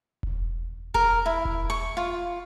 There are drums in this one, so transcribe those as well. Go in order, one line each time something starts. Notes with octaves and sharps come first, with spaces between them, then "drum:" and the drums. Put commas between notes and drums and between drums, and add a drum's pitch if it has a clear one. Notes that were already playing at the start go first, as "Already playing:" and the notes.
drum: kick E1
A#4, drum: kick E1
E4
drum: kick E1
C#6
F4